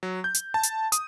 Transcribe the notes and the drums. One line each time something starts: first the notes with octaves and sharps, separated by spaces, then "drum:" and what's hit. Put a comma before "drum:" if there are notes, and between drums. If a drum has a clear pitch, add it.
F#3
G6
drum: hi-hat
A5
drum: hi-hat
D#6, drum: hi-hat